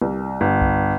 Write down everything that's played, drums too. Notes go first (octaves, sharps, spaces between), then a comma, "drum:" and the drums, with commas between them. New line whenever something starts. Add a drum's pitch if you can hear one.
C2
G1
drum: kick B1